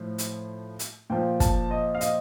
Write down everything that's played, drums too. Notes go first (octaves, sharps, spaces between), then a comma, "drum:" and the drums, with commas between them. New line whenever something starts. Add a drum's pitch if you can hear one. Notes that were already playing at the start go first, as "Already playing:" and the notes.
Already playing: A2 F3
drum: hi-hat
drum: hi-hat
A#2 F3 G5
A5, drum: kick, hi-hat
D#5
F5
D#5, drum: hi-hat